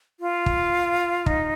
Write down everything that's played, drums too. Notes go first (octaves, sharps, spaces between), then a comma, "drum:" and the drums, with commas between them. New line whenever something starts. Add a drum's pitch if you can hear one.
F4
drum: kick
D#4, drum: kick